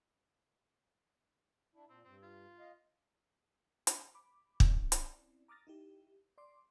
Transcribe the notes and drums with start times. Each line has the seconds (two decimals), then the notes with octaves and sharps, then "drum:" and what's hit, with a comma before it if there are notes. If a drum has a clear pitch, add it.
1.74 D4 E4
1.89 A#2 C4
2.05 G2 C4
2.23 F4
2.59 D#5 F5
3.87 drum: hi-hat
4.14 B5 D6
4.60 C4 C#4 E4 D5, drum: kick
4.92 drum: hi-hat
5.48 A#5 D6 D#6 F6 A6 A#6
5.67 D#4 E4 G4
6.38 D5 C6 D6